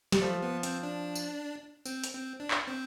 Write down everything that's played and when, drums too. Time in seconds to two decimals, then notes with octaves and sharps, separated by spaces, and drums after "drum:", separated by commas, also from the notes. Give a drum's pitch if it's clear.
0.12 G3, drum: snare
0.22 F3 A3
0.42 B3
0.63 C4, drum: hi-hat
0.83 D4
1.15 drum: tambourine
1.86 C4, drum: tambourine
2.04 drum: hi-hat
2.14 C4
2.40 D4
2.51 drum: clap
2.67 C4